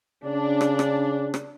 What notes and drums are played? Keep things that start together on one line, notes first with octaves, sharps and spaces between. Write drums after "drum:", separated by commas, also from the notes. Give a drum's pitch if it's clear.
C#3 D4
drum: rim click
drum: rim click
drum: rim click